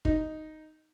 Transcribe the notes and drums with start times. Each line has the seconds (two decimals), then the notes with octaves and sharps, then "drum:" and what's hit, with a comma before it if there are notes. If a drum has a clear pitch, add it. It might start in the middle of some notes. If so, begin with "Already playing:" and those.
0.05 D#4, drum: kick